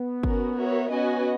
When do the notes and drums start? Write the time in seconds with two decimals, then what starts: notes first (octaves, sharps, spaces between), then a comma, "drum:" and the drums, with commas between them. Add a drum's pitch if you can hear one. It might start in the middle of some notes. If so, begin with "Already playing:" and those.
Already playing: B3
0.23 C#4 F#4 A#4, drum: kick
0.56 F#4 A#4 C#5 E5
0.90 B3 C#4 F#4 B4 D#5 G#5